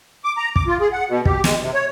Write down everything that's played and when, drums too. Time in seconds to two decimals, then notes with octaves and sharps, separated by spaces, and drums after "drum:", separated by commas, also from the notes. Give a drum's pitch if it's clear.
0.24 D6
0.37 A#5
0.56 D6, drum: kick
0.67 F4
0.81 G#4
0.93 F#5
1.09 B2
1.25 G4, drum: kick
1.44 G#3, drum: snare
1.61 C3
1.74 C#5